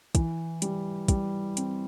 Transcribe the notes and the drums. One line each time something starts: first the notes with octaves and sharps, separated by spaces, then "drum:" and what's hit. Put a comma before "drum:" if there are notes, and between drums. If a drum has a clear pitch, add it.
E3, drum: kick, hi-hat
G3, drum: hi-hat
G3, drum: kick, hi-hat
C4, drum: hi-hat